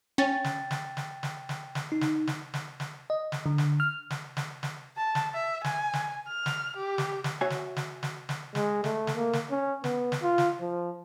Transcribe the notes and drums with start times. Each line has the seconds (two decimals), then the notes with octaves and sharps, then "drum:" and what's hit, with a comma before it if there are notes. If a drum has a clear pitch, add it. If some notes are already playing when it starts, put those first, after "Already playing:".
0.18 C#4 G5 A6
0.44 drum: snare
0.71 drum: snare
0.97 drum: snare
1.23 drum: snare
1.49 drum: snare
1.75 drum: snare
1.92 D#4
2.01 drum: snare
2.27 drum: snare
2.54 drum: snare
2.80 drum: snare
3.10 D#5
3.32 drum: snare
3.46 D3
3.58 drum: snare
3.80 F6
4.10 drum: snare
4.37 drum: snare
4.63 drum: snare
4.97 A5
5.15 drum: snare
5.34 E5
5.64 G#5, drum: snare
5.93 drum: snare
6.28 F6
6.46 drum: snare
6.77 G4
6.98 drum: snare
7.24 drum: snare
7.41 F#4 C#5 E5 F#5 G#5
7.50 drum: snare
7.76 drum: snare
8.03 drum: snare
8.29 drum: snare
8.55 G#3, drum: snare
8.84 A3, drum: snare
9.07 drum: snare
9.16 A#3
9.33 drum: snare
9.51 C#4
9.84 B3, drum: snare
10.12 drum: snare
10.22 F4
10.38 drum: snare
10.60 F3